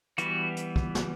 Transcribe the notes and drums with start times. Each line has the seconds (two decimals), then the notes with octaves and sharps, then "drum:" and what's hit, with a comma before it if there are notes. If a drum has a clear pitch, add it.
0.18 E3 G3 B3 F#4, drum: hi-hat
0.57 drum: hi-hat
0.76 drum: kick
0.95 drum: snare